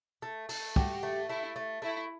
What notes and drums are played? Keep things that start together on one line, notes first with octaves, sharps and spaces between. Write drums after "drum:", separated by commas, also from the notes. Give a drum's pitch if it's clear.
A3
A3, drum: open hi-hat
F#4 G4, drum: kick
A3
A3 E4
A3
A3 E4